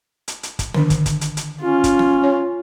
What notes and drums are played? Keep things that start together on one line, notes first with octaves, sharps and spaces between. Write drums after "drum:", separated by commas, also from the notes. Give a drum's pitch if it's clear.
drum: hi-hat
drum: hi-hat
drum: kick, hi-hat
D3 D#3 D4, drum: snare
drum: kick, hi-hat
drum: kick, hi-hat
drum: hi-hat
drum: hi-hat
C#4 F4
drum: kick, hi-hat
drum: snare
C#5